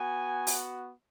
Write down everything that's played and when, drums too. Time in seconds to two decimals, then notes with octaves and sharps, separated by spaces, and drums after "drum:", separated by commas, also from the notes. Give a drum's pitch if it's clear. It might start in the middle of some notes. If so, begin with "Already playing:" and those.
Already playing: B3 F#4 G#5
0.47 drum: open hi-hat